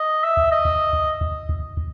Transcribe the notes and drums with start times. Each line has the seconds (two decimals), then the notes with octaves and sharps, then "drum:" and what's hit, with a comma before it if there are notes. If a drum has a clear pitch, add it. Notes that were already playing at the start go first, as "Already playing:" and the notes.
Already playing: D#5
0.24 E5
0.37 drum: kick
0.52 D#5
0.65 drum: kick
0.93 drum: kick
1.21 drum: kick
1.49 drum: kick
1.77 drum: kick